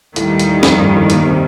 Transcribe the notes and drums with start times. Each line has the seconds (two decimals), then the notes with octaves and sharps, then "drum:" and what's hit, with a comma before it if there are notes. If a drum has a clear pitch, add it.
0.16 D#2 A2 D#3 G3, drum: hi-hat
0.39 drum: hi-hat
0.63 F2, drum: snare
0.79 G2
0.94 A2
1.10 A#2, drum: hi-hat
1.25 C3